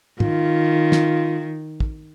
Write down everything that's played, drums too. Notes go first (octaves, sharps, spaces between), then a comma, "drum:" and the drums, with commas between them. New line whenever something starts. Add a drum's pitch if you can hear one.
D#3 F4, drum: tom
drum: snare
drum: kick